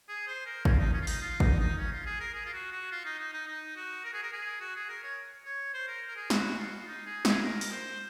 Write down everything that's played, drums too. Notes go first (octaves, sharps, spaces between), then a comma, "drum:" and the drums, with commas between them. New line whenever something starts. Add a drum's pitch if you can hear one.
G#4
C5
A#4
C#4, drum: kick
F4
D#4
C#4
F4
D#4, drum: open hi-hat
F4
D#4, drum: kick
D#4
C#4
F4
G#4
A#4
G#4
F4
F#4
F#4
F4
D#4
D#4
D#4
D#4
F#4
A#4
G#4
A#4
G#4
F#4
G#4
A#4
C#5
C#5
C5
A#4
A#4
G#4
F#4, drum: snare
F4
D#4
G#4
G#4, drum: snare
A#4
drum: open hi-hat
C5